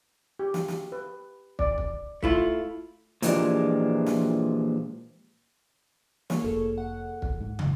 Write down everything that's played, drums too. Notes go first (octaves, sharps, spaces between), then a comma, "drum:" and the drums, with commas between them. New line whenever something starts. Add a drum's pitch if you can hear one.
G4
drum: snare
drum: snare
B4
D5, drum: kick
drum: kick
A3 E4 F4, drum: kick
A#2 E3 F3 G#3 D4 G4, drum: hi-hat
drum: snare
A#3 G#4 C#5, drum: snare
F1 A4
F#5
drum: kick
G#2
A1 F#2, drum: tom